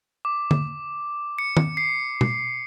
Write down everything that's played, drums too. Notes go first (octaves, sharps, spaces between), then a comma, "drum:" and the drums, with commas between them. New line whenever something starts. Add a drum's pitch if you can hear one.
D6
drum: tom D3
C#7
drum: tom
C7
drum: tom B2